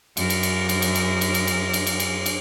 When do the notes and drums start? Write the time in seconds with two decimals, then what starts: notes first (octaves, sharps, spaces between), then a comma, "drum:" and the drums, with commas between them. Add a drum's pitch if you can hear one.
0.17 F#2 A#4, drum: cymbal
0.30 drum: cymbal
0.43 drum: cymbal
0.69 drum: cymbal
0.82 drum: cymbal
0.95 drum: cymbal
1.21 drum: cymbal
1.34 drum: cymbal
1.47 drum: cymbal
1.74 drum: cymbal
1.87 drum: cymbal
2.00 drum: cymbal
2.26 drum: cymbal